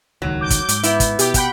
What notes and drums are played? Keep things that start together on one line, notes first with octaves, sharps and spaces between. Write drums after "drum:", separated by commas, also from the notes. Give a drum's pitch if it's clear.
D#1 C#2 D#3 F#3
D6 G6
drum: kick, hi-hat
G#2, drum: hi-hat
B3 E4, drum: hi-hat
drum: kick, hi-hat
B2 G4, drum: hi-hat
F#5 G5 B5, drum: kick, hi-hat